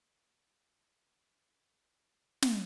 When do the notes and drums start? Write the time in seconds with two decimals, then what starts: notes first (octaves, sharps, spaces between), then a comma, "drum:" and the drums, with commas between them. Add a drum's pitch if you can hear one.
1.25 D#2 F#3 A3 A#3 C4
1.58 A#2 A#4 F6
1.94 C#3
2.07 C#4
2.42 drum: snare